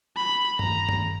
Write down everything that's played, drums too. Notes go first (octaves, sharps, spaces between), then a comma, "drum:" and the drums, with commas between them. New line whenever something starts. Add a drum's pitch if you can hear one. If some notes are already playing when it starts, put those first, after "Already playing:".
B5
A#5, drum: tom G2
drum: tom G2